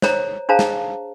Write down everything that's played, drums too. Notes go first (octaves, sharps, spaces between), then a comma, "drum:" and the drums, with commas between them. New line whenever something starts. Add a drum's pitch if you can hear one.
C5 C#5 A#5, drum: snare
D4 G#4 C5 F5 A5 A#5
drum: snare